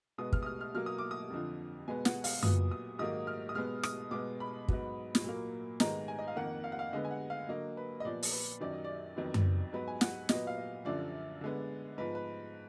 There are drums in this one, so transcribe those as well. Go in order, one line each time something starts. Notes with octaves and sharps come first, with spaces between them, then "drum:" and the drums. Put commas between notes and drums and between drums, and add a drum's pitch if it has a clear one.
B2 G#3 B3 D#6
F6, drum: kick
D#6
F6
F6
B2 F#3 A#3 F6
D#6
D6
D#6
F2 D3 F3
B2 G#3 B3 G#5
F#5, drum: snare
F5, drum: open hi-hat
A#2 F#3 B3 D#6, drum: tom F#2
D#6
G#2 D#3 F#3 A#3 D#6
F6
D#6
B2 G#3 B3 F6
D#6, drum: rim click
B2 G#3 B3 D6
B5
G#2 F#3 B3, drum: kick
drum: snare
A#2 F#3 A#3
G#2 D#3 G#3 B3 A#5, drum: snare
G#5
D#5
F5
F2 D#3 A#3 F#5
F5
F#5
F5
D3 G#3 B3 D#5
G#5
F#5
F5
D3 F#3 A#3 D#5
B4
D#5
A#2 F3 B3 D5
drum: open hi-hat
B4
F#2 D#3 F#3 D5
D#5
D5
F2 D#3 F#3 B3
drum: tom F#2
G#2 F#3 B3 B4
G#5
F#5, drum: snare
A#2 F#3 B3 D#5, drum: snare
F5
D#5
F#2 D3 F3 D5
D3 G#3 B3
G#2 F3 B3 B4
B4